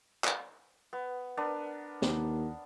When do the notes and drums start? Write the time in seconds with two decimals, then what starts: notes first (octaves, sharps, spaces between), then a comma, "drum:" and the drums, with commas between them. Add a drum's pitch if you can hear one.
0.24 drum: clap
0.93 B3
1.37 B3 D4 A#4
2.02 D#2, drum: snare